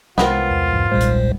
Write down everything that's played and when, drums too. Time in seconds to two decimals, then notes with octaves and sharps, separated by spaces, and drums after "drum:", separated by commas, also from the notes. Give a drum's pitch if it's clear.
0.18 C2 G#3 B3 C4 F4 A#4, drum: snare
0.51 E2
0.73 drum: tom G#2
0.92 D#1 B1 A#2 G3 G#3 C5
1.01 drum: hi-hat